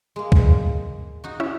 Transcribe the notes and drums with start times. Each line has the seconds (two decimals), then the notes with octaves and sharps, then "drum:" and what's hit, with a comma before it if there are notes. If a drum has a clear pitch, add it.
0.16 G#3 A#3
0.32 drum: kick
1.24 D#4 F#4
1.40 C#4 E4 E5